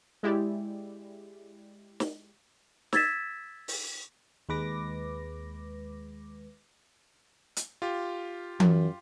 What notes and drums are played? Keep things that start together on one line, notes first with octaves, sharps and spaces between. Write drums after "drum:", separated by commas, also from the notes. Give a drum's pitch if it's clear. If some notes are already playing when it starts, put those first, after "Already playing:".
G#3 E4 G4 D5
drum: snare
E6 G#6 A6 B6 E7, drum: snare
drum: open hi-hat
D#2 G#3 B4 D6 A#6
drum: hi-hat
F4 G4
F#2, drum: tom E3